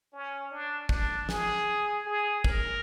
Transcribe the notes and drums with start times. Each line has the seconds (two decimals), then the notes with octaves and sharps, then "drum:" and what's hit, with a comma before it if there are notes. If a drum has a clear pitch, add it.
0.13 C#4
0.51 D4
0.89 D4, drum: kick
1.29 G#4, drum: snare
2.06 G#4
2.44 A#4, drum: kick